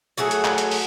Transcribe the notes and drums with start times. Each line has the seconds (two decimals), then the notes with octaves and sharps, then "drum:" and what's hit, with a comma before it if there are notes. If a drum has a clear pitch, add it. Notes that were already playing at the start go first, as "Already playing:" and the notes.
0.18 F#3 A3 F#4 G#4
0.31 drum: hi-hat
0.44 drum: clap
0.58 drum: hi-hat
0.71 drum: open hi-hat